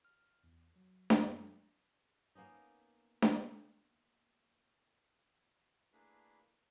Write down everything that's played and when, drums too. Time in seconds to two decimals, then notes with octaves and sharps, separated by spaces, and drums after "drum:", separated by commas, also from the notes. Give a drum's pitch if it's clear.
0.05 F6
0.44 E2
0.76 F#3
1.10 F#2, drum: snare D4
1.38 F#3
2.35 A#3 B3 C#4 D#4
3.22 drum: snare D4
5.93 A3 A#3 D4 E4 G#4 B4